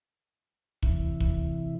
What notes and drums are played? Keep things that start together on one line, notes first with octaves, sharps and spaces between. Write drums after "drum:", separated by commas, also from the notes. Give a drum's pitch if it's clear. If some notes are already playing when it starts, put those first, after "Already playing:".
C3 E3 E4, drum: kick
drum: kick